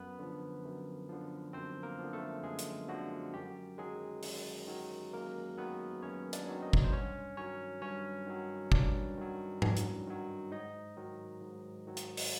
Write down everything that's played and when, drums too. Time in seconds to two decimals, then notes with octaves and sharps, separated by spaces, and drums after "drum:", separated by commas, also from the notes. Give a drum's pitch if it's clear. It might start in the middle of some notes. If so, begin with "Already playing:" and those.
Already playing: F#2 B3 B4
0.19 D3 F3
0.65 F#2
1.09 D3 F3
1.53 F#2 C4 C5
1.83 A#3 A#4
1.99 D3 F3
2.13 A3 A4
2.43 F#2 G#3 G#4
2.59 drum: hi-hat
2.88 D3 F3 F#4
3.34 F#2 G4
3.78 D#3 F#3 G#3 G#4
4.23 F#2, drum: open hi-hat
4.68 D#3 F#3
5.13 F#2 A#3 A#4
5.57 D#3 F#3 B3 B4
6.03 F#2 C#4 C#5
6.33 D4 D5, drum: hi-hat
6.48 D#3 F#3
6.62 D#4 D#5
6.73 drum: kick G1
6.84 C5
6.92 G2 C#4 C#5
7.37 D#3 F#3 C#4 C#5
7.82 G2 C#4 C#5
8.27 D#3 F#3
8.72 G2 D4 D5, drum: kick G1
9.17 D#3 F#3
9.62 G2, drum: tom G#2
9.77 drum: hi-hat
10.07 D#3 F#3
10.51 G#2 D#4 D#5
10.97 D#3 F#3
11.42 G#2
11.87 D#3 F#3
11.97 drum: hi-hat
12.17 drum: open hi-hat